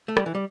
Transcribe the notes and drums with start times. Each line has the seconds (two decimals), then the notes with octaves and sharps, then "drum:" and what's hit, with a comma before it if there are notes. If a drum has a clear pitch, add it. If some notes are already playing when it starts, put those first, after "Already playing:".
0.08 A3
0.17 G3, drum: rim click
0.26 E3
0.35 G3